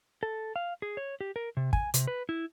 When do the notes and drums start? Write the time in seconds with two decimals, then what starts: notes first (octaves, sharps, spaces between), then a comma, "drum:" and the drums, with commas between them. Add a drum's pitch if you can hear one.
0.23 A4
0.56 F5
0.82 G#4
0.97 C#5
1.21 G4
1.36 A#4
1.57 C3
1.73 G#5, drum: kick
1.94 C3, drum: hi-hat
2.07 B4
2.29 E4